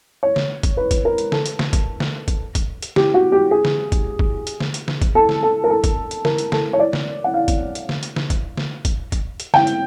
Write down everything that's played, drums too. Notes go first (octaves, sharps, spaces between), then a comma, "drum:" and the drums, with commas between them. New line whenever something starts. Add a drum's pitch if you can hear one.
C#5
drum: snare
drum: kick, hi-hat
B4
drum: kick, hi-hat
A#4
drum: hi-hat
A4, drum: snare
drum: hi-hat
drum: snare
drum: kick, hi-hat
drum: snare
drum: kick, hi-hat
drum: kick, hi-hat
drum: hi-hat
G4, drum: snare
F#4
G4
G#4
drum: snare
drum: kick, hi-hat
drum: kick
drum: hi-hat
drum: snare
drum: hi-hat
drum: snare
drum: kick, hi-hat
A4
drum: snare
A4
A#4
A4
drum: kick, hi-hat
drum: hi-hat
A#4, drum: snare
drum: hi-hat
A4, drum: snare
C#5
D5
drum: snare
F#5
F5
drum: kick, hi-hat
drum: hi-hat
drum: snare
drum: hi-hat
drum: snare
drum: kick, hi-hat
drum: snare
drum: kick, hi-hat
drum: kick, hi-hat
drum: hi-hat
G5, drum: snare
drum: hi-hat